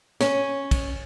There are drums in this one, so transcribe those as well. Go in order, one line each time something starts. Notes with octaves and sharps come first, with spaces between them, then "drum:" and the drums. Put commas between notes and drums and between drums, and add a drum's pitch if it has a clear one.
C#4, drum: snare
drum: kick, cymbal